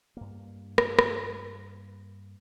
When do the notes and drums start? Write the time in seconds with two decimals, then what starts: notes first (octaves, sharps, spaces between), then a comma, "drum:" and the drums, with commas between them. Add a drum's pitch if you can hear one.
0.17 G2 A#3
0.78 drum: rim click
0.99 drum: rim click